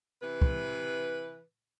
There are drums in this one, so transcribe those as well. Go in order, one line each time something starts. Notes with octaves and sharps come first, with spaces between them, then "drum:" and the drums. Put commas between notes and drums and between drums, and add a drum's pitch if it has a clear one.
C3 E3 B4
drum: kick